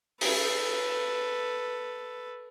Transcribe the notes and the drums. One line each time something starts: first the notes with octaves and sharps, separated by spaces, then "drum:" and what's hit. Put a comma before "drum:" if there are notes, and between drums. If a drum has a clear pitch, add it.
A4 B4, drum: open hi-hat